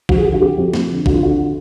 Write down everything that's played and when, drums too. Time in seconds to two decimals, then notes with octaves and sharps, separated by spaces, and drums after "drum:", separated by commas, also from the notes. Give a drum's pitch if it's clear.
0.09 F3 F#4, drum: kick A1
0.17 G#4
0.25 D3 G4
0.34 F#4
0.41 F2 G4
0.58 F2
0.74 F2, drum: snare
0.90 D3
1.06 D3 F#4, drum: kick A1
1.14 F4
1.22 D3 F#4